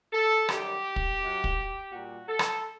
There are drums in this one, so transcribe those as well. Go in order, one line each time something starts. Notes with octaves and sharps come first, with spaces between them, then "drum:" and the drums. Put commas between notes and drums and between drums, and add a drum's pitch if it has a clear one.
A4
F#2 D#3 G3 G4, drum: rim click
drum: kick
F#2 F#3
drum: kick
A#2 G3 F#4
A4
drum: rim click